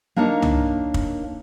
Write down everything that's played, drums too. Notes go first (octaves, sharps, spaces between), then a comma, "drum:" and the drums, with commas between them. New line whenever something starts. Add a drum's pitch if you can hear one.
A#3 D4 D#4 A#4 C#5
drum: tom
drum: kick